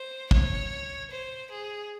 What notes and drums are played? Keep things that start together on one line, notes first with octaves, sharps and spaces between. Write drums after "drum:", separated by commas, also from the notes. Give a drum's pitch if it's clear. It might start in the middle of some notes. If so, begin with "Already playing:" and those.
Already playing: C5
C#5, drum: kick
C5
G#4